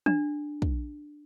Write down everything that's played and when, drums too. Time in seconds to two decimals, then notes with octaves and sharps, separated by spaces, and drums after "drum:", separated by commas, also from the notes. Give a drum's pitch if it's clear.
0.06 D4, drum: tom
0.62 drum: kick